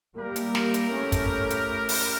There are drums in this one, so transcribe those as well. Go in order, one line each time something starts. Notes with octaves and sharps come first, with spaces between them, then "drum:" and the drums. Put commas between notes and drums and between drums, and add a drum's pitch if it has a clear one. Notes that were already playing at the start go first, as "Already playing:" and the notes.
G3 A#3 E4 G4 A#4
drum: hi-hat
drum: snare
drum: hi-hat
A3 C#4
drum: kick, hi-hat
drum: hi-hat
drum: open hi-hat